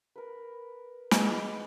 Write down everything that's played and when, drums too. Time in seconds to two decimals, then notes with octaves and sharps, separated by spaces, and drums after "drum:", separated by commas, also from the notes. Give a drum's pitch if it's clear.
0.16 A#4 B4
1.11 G#3 D#4 B4 D6, drum: snare